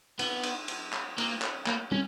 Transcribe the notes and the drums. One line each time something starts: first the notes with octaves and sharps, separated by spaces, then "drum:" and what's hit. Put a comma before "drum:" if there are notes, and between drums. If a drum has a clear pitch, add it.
B3, drum: cymbal
drum: cymbal
drum: cymbal
drum: clap
A#3, drum: cymbal
drum: clap
A#3, drum: clap
C#4, drum: tom